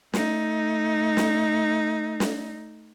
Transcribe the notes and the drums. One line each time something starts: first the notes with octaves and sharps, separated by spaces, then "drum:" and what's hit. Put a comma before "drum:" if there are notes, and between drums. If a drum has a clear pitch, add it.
A3 D#4, drum: snare
drum: snare
drum: snare